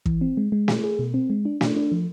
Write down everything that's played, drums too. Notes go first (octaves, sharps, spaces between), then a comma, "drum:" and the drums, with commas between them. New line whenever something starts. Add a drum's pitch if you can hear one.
E3, drum: kick
C4
G#3
G#3
G#4, drum: snare
G#4
B2
C4
G#3
D4
D4, drum: snare
D4
F3